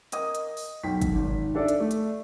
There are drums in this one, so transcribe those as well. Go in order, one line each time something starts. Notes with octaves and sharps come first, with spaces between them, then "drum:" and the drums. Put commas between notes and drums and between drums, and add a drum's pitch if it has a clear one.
A#4 D#5 D#6, drum: hi-hat
drum: hi-hat
drum: open hi-hat
B1 G5 B6
drum: kick, hi-hat
G#1
D4 A4 D5 E5
drum: hi-hat
A3
drum: hi-hat